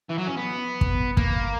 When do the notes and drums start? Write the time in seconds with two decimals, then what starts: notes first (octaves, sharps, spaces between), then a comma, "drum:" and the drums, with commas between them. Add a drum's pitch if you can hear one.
0.09 E3
0.18 F#3
0.27 C#4
0.37 B3
0.81 drum: kick
1.17 A#3, drum: kick